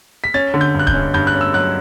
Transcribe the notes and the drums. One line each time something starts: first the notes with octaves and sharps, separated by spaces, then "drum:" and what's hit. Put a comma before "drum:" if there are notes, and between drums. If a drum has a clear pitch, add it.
B6
C#4 A6
D3
G6
G2
F#6
G6, drum: kick D1
C#4
G2 G6
F#6
C#4
E6
F#3 F#6